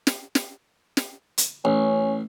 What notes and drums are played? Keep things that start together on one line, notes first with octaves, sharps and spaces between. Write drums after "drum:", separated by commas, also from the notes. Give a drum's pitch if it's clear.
drum: snare
drum: snare
drum: snare
drum: hi-hat
A1 C#4